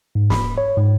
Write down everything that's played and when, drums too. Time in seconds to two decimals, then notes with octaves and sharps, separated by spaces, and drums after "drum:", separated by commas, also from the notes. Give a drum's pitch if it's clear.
0.15 G#2
0.30 B5, drum: snare
0.58 C#5
0.77 G#2